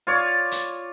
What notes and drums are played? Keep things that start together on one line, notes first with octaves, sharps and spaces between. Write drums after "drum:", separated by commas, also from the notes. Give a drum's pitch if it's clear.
F4 C#5 D5
drum: hi-hat